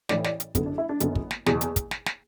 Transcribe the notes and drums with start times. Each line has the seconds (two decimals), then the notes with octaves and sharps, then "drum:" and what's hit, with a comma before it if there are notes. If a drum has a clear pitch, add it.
0.09 A1 A2 E3 D5, drum: snare
0.24 D5, drum: snare
0.40 drum: hi-hat
0.55 F#1 F#2 D3 B3, drum: kick, hi-hat
0.66 D4
0.78 E4
0.89 D4
1.00 F#1 F#2 D3 B3, drum: hi-hat
1.15 drum: kick
1.31 drum: snare
1.46 F#1 E2 B2, drum: snare
1.61 drum: hi-hat
1.76 drum: kick, hi-hat
1.91 drum: snare
2.06 drum: snare